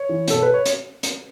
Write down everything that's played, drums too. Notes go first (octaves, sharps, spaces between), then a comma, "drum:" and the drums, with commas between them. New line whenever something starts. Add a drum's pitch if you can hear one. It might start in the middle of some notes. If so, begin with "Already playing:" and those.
Already playing: C#5
E3
B2 A4, drum: hi-hat
B4
C#5
drum: hi-hat
drum: hi-hat